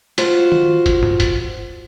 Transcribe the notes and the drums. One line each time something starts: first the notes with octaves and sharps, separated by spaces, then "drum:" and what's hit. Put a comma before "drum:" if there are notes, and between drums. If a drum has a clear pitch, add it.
F4 F#4 C5, drum: hi-hat
drum: tom D#3
drum: kick, hi-hat
drum: tom G2
drum: kick, hi-hat